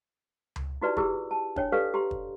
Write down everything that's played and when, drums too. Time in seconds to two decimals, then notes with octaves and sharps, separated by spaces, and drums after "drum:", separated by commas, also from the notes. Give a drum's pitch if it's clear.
0.56 drum: tom C#2
0.81 D#4 E4 F#4 G4 B4 D5
0.97 E4 G4 G#4 E6, drum: kick
1.31 A5
1.56 D4 C#5 G5, drum: kick
1.72 G4 A4 B4 D5 F5
1.94 G4 A#5 C6
2.11 drum: kick